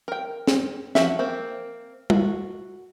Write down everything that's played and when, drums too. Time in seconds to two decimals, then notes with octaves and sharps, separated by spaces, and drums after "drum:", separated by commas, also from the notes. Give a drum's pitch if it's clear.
0.08 A#4 G5
0.47 drum: snare
0.95 F3 F#4 E5, drum: snare
1.19 A#3 C4
2.10 F#4, drum: tom